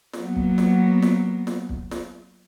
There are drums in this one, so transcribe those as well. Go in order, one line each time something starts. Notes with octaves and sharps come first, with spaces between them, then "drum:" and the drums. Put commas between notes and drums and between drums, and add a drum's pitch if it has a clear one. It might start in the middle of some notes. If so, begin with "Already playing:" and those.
F#3 A#3 B3, drum: snare
drum: kick
drum: snare
drum: snare
drum: snare
drum: kick
drum: snare